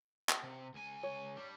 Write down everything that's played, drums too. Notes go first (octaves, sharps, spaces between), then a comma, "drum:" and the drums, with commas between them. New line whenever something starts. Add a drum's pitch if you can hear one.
drum: clap
C3
C#2 G#5
C#5
G3 D4